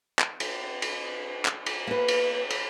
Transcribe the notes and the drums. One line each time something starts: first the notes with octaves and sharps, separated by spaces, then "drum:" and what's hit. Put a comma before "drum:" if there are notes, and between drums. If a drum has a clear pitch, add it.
drum: clap
drum: cymbal
drum: cymbal
drum: clap
drum: cymbal
A#3 B4
drum: cymbal
drum: cymbal